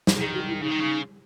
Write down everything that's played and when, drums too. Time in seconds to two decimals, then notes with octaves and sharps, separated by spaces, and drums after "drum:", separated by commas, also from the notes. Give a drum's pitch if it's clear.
0.07 drum: snare
0.20 D#3 G#4
0.34 F#4
0.48 E4
0.61 C#3 D#4
0.71 D#3
0.79 C#3